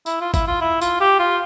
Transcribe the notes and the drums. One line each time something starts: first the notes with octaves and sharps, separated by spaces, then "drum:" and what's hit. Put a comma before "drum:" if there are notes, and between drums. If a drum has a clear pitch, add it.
E4, drum: tambourine
F4
E4, drum: kick, tambourine
F4
E4
F4, drum: tambourine
G4
F4